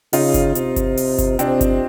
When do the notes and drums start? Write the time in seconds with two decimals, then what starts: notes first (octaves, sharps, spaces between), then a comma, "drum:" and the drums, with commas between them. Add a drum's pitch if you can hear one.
0.13 C#3 D#4 F4, drum: open hi-hat
0.34 drum: kick G1, hi-hat
0.55 C3, drum: hi-hat
0.76 drum: kick G1, hi-hat
0.97 drum: open hi-hat
1.18 drum: kick G1, hi-hat
1.39 C3 C4 D4, drum: hi-hat
1.61 drum: kick G1, hi-hat